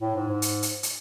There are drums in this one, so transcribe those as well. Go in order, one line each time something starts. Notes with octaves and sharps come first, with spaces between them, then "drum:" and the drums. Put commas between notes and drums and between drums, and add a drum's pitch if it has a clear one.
A2
G#2
G#2
drum: hi-hat
drum: hi-hat
drum: hi-hat